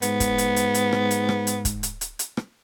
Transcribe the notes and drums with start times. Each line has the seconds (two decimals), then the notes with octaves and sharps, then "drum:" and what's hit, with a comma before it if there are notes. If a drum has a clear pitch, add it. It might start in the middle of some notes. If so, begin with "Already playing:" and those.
0.02 G#2 B3, drum: hi-hat
0.20 drum: kick, hi-hat
0.38 drum: hi-hat
0.56 drum: hi-hat
0.74 drum: hi-hat
0.93 drum: rim click
1.11 drum: hi-hat
1.29 drum: rim click
1.47 drum: hi-hat
1.65 drum: kick, hi-hat
1.83 drum: hi-hat
2.01 drum: hi-hat
2.19 drum: hi-hat
2.37 drum: rim click